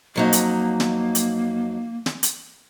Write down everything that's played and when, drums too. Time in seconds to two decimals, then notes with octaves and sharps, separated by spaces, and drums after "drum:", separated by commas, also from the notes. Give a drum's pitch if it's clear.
0.16 F2 F#3 A#3 D#4
0.33 drum: hi-hat
0.80 drum: snare
1.15 drum: hi-hat
2.06 drum: snare
2.23 drum: hi-hat